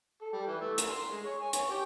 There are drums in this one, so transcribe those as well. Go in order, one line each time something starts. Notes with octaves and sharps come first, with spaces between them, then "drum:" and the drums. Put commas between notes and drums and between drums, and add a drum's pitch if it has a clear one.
A4
G3
E3
A3
A#4, drum: hi-hat
C6
G#3
C#5
G#5
C#5, drum: hi-hat
G4